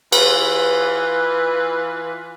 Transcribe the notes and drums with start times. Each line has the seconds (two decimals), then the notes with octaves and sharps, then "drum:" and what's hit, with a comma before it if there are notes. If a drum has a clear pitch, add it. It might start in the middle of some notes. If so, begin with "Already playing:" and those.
0.12 E3 F4 B4, drum: cymbal